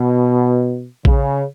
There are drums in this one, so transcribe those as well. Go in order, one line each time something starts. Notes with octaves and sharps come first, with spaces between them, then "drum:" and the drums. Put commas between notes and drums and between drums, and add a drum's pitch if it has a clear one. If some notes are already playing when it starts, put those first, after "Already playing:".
Already playing: B2
C#3, drum: kick A#1